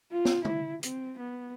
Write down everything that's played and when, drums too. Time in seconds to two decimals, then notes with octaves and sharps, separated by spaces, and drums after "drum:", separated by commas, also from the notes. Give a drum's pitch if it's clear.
0.12 F4
0.25 drum: snare
0.45 E4, drum: tom
0.83 C4, drum: hi-hat
1.19 B3